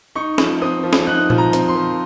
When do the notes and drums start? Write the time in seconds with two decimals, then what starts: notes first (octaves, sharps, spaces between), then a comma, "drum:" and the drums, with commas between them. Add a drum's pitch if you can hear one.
0.15 D#4 C#6
0.38 F3, drum: snare
0.62 C4 D#6
0.84 F3
0.93 drum: snare
1.07 D#4 F#6
1.30 F3, drum: tom A#2
1.38 A#5
1.53 C4, drum: hi-hat
1.68 C6
1.76 F3